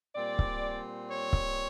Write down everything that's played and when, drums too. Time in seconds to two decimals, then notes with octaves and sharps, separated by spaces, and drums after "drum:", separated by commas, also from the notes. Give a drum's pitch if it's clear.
0.15 A#2 G3 C4 D5
0.39 drum: kick C#1
1.10 C#5
1.33 drum: kick C#1